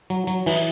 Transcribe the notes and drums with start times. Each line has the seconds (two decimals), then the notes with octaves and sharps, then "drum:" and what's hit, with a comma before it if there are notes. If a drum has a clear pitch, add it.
0.10 F#3
0.27 F#3
0.46 E3, drum: open hi-hat